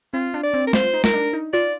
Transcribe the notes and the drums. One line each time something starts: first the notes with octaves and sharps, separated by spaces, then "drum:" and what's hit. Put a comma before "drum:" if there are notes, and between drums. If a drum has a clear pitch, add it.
C4 F4
D4
D5
C4
A#4
F4 C5, drum: snare
D#4
A#4, drum: snare
D4
D#4
F4 D5